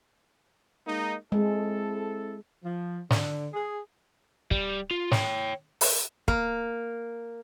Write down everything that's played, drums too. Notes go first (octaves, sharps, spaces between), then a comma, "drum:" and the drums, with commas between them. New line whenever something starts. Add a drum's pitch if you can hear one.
G#3 A#3 D#4
G#3 C4 E4 A4
F3
D3, drum: snare
G#4
G3, drum: kick
F4
C#5 G5, drum: snare
drum: open hi-hat
A#3, drum: kick